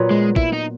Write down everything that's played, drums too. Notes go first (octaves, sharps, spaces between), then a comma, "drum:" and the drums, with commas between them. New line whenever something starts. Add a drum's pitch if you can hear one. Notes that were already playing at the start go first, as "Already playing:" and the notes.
Already playing: A#2 F#3 B3
G#3
E4, drum: kick
D#4